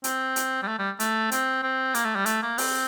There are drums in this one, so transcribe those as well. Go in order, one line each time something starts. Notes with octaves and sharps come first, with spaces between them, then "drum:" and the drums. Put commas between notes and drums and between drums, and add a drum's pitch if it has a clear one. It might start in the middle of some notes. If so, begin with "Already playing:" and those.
C4, drum: hi-hat
drum: hi-hat
G3
A3
G3
A3, drum: hi-hat
C4, drum: hi-hat
C4
A#3, drum: hi-hat
A3
G3
A3, drum: hi-hat
A#3
C4, drum: open hi-hat